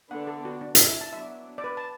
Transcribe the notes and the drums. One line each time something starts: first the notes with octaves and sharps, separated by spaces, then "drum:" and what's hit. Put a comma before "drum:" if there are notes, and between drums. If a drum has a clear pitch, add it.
D3 B3 D4 F#5
A4
F#4
D4
E4, drum: hi-hat
E5
A5
F#3 B3 D4 E5
D5
B4
A5